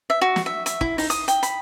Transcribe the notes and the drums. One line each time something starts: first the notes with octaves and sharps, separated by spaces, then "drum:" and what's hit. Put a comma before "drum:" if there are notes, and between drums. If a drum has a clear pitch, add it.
E5
F#4
drum: snare
E5
E5, drum: hi-hat
E4, drum: kick
D#4, drum: open hi-hat
D#6, drum: hi-hat
G5, drum: hi-hat
B5, drum: hi-hat